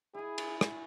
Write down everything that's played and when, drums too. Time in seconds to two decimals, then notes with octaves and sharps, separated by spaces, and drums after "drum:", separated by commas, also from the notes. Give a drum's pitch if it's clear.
0.14 E4 G#4 G#5
0.38 drum: cymbal
0.61 drum: rim click